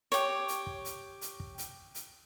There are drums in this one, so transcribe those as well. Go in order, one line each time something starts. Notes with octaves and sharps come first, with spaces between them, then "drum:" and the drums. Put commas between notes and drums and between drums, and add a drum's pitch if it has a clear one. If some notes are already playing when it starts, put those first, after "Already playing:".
G4 C#5, drum: hi-hat
drum: hi-hat
drum: kick
drum: hi-hat
drum: hi-hat
drum: kick
drum: hi-hat
drum: hi-hat